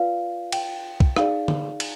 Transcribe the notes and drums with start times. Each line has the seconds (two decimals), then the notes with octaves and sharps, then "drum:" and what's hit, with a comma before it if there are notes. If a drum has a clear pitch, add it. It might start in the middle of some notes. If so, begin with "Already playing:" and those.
Already playing: F4 B4 D5 F5
0.52 G5, drum: cymbal
1.00 drum: kick
1.16 D#4 G#4 D5 F5, drum: rim click
1.48 drum: tom D3
1.80 drum: cymbal